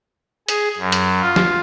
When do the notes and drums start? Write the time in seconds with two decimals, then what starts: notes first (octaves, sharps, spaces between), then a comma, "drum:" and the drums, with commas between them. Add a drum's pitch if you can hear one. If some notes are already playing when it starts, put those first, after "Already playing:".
0.49 G#4, drum: hi-hat
0.78 F#2
0.92 drum: hi-hat
1.22 F4
1.36 drum: snare